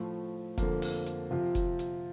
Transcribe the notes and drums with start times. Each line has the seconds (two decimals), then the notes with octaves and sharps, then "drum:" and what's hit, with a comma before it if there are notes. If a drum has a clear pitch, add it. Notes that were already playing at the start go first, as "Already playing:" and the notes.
Already playing: A2 F3 A3
0.58 F2 D3 F3 A#3, drum: kick F1, hi-hat
0.82 drum: open hi-hat
1.06 drum: hi-hat
1.31 C3 F3 C4 F4
1.55 drum: kick F1, hi-hat
1.79 drum: hi-hat